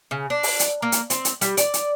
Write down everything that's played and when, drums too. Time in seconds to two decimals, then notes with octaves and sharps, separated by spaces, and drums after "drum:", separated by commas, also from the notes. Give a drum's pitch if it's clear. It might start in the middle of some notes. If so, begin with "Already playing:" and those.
0.11 C#3
0.30 D4
0.43 drum: open hi-hat
0.60 drum: hi-hat
0.82 A#3
0.92 drum: hi-hat
1.10 C4, drum: hi-hat
1.25 drum: hi-hat
1.41 G3, drum: hi-hat
1.57 D5, drum: hi-hat
1.74 drum: hi-hat